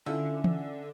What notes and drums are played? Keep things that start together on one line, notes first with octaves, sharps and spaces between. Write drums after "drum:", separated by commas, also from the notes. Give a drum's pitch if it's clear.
D3 C#4 E4 F4 A4 E5
drum: tom E3